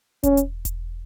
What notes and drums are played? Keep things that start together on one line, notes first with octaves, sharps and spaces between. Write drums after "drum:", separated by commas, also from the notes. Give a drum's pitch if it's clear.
C#4, drum: kick E1, hi-hat
drum: hi-hat
drum: kick E1, hi-hat